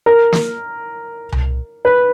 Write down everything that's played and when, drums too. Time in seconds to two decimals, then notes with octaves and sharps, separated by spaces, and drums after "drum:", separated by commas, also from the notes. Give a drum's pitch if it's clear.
0.06 A#4
0.32 drum: snare
1.32 drum: tom C2
1.85 B4